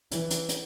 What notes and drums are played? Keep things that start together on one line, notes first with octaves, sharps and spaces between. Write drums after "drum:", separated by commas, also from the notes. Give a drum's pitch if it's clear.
E3, drum: hi-hat
drum: hi-hat
drum: hi-hat